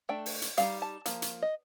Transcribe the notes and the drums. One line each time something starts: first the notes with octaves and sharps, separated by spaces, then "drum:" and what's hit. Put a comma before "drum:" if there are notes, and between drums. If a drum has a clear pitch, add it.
A3 D4 G5
drum: open hi-hat
drum: hi-hat
G3 C4 D#4 F5, drum: hi-hat
A5
F3 A#3, drum: hi-hat
drum: hi-hat
D#5